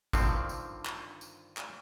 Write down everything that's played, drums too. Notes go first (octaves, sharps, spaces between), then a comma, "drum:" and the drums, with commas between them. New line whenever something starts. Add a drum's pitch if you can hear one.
G2 D3 D#3 F3 C4, drum: kick A1, tambourine
drum: tambourine
drum: clap
drum: tambourine
drum: clap